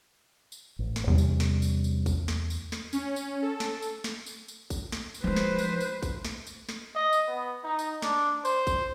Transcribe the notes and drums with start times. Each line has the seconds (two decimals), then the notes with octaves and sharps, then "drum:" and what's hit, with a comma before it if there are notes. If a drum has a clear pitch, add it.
0.52 drum: tambourine
0.79 A1
0.96 drum: snare
1.07 E2 C3 G3 C#4
1.18 drum: tambourine
1.40 drum: snare
1.62 drum: tambourine
1.84 drum: tambourine
2.06 drum: kick A1, tambourine
2.28 drum: snare
2.50 drum: tambourine
2.72 drum: snare
2.93 C#4, drum: tambourine
3.16 drum: tambourine
3.42 A4
3.60 drum: snare
3.82 drum: tambourine
4.04 drum: snare
4.26 drum: tambourine
4.48 drum: tambourine
4.70 drum: kick A1, tambourine
4.92 drum: snare
5.14 drum: tambourine
5.24 F3 G#3 B4 C5
5.36 drum: snare
5.58 drum: tambourine
5.81 drum: tambourine
6.03 drum: kick A1, tambourine
6.25 drum: snare
6.47 drum: tambourine
6.69 drum: snare
6.95 D#5
7.13 drum: tambourine
7.28 B3
7.64 D#4
7.79 drum: tambourine
8.02 D4, drum: snare
8.45 C5, drum: tambourine
8.67 drum: kick A1, tambourine